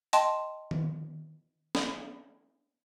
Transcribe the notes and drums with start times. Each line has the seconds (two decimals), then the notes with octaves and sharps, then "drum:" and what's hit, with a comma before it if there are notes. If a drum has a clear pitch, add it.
0.13 D#5 G5 A5 C6, drum: hi-hat
0.71 drum: tom D#3
1.75 drum: snare